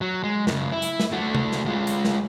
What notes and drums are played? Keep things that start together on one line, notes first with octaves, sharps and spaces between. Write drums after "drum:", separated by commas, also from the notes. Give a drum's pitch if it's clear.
F#3
G#3
F#2 C#3, drum: snare
E4
drum: hi-hat
drum: snare
A3 F#4
drum: tom C3
drum: snare
G#3 F4
drum: hi-hat
drum: snare